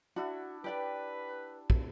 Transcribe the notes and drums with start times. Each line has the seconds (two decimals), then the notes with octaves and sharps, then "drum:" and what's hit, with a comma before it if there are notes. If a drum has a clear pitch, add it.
0.16 D4 E4 F#4 F#5
0.64 G4 B4 D5 G5
1.70 drum: kick